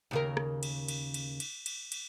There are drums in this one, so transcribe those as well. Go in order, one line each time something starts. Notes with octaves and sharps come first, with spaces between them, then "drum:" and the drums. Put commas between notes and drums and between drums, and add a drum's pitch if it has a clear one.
D#2 C#3 A#4
drum: rim click
drum: cymbal
drum: cymbal
drum: cymbal
drum: cymbal
drum: cymbal
drum: cymbal